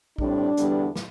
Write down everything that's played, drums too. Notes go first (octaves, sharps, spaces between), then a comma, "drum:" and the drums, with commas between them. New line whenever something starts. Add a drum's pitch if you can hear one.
A2 G3 C4 D4, drum: kick A#1
E2 D3 G3 B3, drum: hi-hat
drum: snare